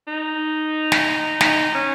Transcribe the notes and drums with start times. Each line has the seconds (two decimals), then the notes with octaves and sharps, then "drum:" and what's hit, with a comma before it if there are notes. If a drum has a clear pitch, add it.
0.07 D#4
0.92 drum: snare
1.41 D#4, drum: snare
1.75 C#4